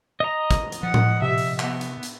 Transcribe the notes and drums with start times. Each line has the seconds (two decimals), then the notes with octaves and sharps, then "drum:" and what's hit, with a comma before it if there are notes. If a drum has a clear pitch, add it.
0.20 D#5 A#5
0.51 drum: kick, hi-hat
0.72 drum: hi-hat
0.83 F3 F#5
0.94 drum: tom A2
1.22 C3 E5
1.38 drum: open hi-hat
1.59 B3, drum: clap
1.81 drum: hi-hat
2.03 drum: hi-hat